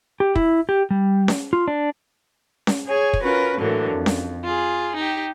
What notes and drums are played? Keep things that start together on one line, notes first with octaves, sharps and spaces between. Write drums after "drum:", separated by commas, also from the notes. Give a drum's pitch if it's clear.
G4
E4, drum: kick
G4
G3
drum: snare C#4
F4
D4
drum: snare C#4
G#4 C#5 G#5
drum: kick
C#4 F4 F#4 A#4 B4
A2 D3 E3 F#3 A#3 D4
F2
drum: snare C#4
F4 G#4
D#4 G4